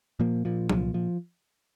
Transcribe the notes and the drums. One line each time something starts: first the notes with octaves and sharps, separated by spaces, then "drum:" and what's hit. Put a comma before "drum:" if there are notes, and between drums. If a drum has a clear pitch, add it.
A#2 F3 A#3
A#2 F3
C2 F3, drum: tom F#3
F3